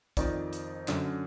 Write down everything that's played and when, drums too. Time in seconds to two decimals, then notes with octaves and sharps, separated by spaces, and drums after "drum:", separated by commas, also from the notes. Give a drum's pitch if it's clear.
0.17 F2 D#3 D5, drum: kick, hi-hat
0.53 drum: hi-hat
0.88 F#2 D3, drum: clap